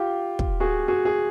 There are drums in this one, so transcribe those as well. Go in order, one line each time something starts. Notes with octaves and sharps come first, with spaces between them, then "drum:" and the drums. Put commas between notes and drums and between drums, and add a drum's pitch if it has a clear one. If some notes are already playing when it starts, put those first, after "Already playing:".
Already playing: F4 G4
drum: kick
F#4 G#4
F#4 G#4
G#4